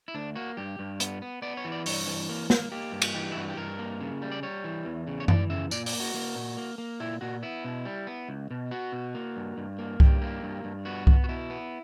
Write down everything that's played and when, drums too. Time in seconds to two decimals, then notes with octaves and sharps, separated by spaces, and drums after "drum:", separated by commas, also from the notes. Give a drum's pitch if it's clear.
0.08 E4
0.15 D2 D4
0.36 A#3 F#4
0.57 G2 G4
0.79 G2
1.00 B3, drum: hi-hat
1.22 B3
1.42 B3 D5
1.57 C#5
1.65 E3
1.72 D5
1.86 G2 C#5, drum: open hi-hat
2.07 E3
2.29 A#3
2.50 A#3, drum: snare
2.72 A#3 G4
2.92 G2
3.02 drum: cymbal
3.14 E3 G4
3.32 E4
3.36 G2 F#4
3.48 G4
3.57 G2 A#4
3.79 A#3
4.01 C#3
4.22 G3
4.32 D5
4.43 G3 C#5
4.64 E3
4.85 E2
5.07 C#3
5.20 C#5
5.28 E3 D5, drum: tom F#2
5.50 C#3 E5
5.71 A#2 D5, drum: tambourine
5.86 D5, drum: open hi-hat
5.93 A#3
6.00 F#4
6.15 A#3
6.35 A#2
6.57 A#3
6.78 A#3
7.00 A#2 E4
7.21 A#2 F#4
7.43 B3 E4
7.65 B2
7.85 G3
8.07 B3
8.29 C#2
8.51 B2
8.71 B3 F#4
8.92 B2
9.15 A#3
9.36 G2
9.57 G2
9.78 A#3
10.00 G2 G4, drum: kick C2
10.22 A#3
10.43 G2
10.64 G2
10.85 B3 F#4
11.07 B3, drum: kick C2
11.24 F#4
11.29 B2 E4
11.50 B3